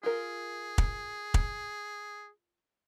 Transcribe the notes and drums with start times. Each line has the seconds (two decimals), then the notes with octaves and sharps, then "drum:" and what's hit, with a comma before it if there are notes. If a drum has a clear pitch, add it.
0.03 F4 G#4 A#4
0.78 drum: kick
1.34 drum: kick